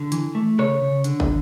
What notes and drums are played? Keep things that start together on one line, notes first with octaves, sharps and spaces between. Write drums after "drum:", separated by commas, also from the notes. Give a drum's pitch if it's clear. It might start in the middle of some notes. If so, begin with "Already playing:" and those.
Already playing: D3
E3, drum: hi-hat
A3
C#3 C#5, drum: rim click
C#3
D3, drum: hi-hat
drum: kick